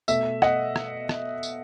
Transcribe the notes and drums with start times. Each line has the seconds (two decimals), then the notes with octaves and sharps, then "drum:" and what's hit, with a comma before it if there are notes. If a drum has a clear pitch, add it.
0.08 B2 A3 E5, drum: tambourine
0.42 D#5 F#5, drum: rim click
0.76 drum: rim click
1.09 drum: rim click
1.43 drum: tambourine